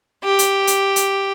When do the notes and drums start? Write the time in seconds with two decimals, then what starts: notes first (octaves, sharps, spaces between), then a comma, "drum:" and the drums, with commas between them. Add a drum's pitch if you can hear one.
0.24 G4
0.39 drum: hi-hat
0.67 drum: hi-hat
0.96 drum: hi-hat